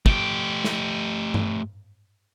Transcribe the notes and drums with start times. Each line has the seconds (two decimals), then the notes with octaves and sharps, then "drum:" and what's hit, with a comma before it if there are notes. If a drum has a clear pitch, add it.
0.06 A3 G4, drum: kick
0.64 drum: snare
1.34 drum: tom G2